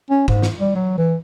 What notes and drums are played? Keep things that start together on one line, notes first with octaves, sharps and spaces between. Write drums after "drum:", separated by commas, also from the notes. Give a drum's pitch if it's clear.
C#4
G#2, drum: kick
drum: snare
G3
F#3
E3